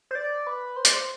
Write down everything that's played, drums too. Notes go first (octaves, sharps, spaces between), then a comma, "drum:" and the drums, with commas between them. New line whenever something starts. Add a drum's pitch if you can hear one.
C5
D5
B4
C5
D5, drum: hi-hat
C5